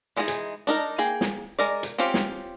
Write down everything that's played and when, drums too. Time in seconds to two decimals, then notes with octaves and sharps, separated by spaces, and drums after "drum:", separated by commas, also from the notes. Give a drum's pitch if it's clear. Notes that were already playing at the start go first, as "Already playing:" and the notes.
0.17 E3 G#3 D#4 F4 G#4
0.28 drum: hi-hat
0.67 D4 D#4 A#4
0.98 A#3 G#4 G5 G#5
1.21 drum: snare
1.59 G#3 A#4 D5
1.83 drum: hi-hat
1.98 C4 C#4 F4 G4 F5
2.14 drum: snare